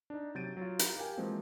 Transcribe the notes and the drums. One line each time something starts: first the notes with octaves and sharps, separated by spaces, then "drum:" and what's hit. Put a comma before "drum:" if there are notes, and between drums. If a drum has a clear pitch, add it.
D4 D#4
C3 F#3 G6 A6 D7 D#7
F#3 F4
F4 G4 A#5, drum: hi-hat
G4 A#4 F5 G5 G#5
E3 F3 G#3 A#3 C4 F#4